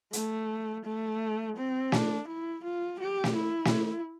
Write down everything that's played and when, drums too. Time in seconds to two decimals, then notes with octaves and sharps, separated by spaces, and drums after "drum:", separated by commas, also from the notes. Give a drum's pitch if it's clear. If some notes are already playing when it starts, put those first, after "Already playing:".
0.13 A3, drum: hi-hat
0.85 A3
1.57 C4
1.92 D4, drum: snare
2.28 E4
2.64 F4
3.00 G4
3.24 drum: snare
3.36 E4
3.65 drum: snare